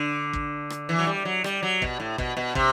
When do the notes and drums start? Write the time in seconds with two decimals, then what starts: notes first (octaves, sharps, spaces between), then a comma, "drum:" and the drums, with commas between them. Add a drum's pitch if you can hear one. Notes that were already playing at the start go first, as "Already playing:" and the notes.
Already playing: D3
0.33 drum: kick
0.70 drum: rim click
0.89 E3
0.99 F#3
1.07 G3
1.25 F#3
1.44 G3, drum: rim click
1.63 F#3
1.82 B2, drum: kick
2.00 A2
2.18 B2, drum: kick
2.37 B2
2.55 C3, drum: kick